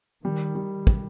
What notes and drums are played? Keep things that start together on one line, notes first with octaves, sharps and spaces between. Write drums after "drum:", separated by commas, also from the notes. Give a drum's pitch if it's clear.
D#3 G3
G3
G3, drum: kick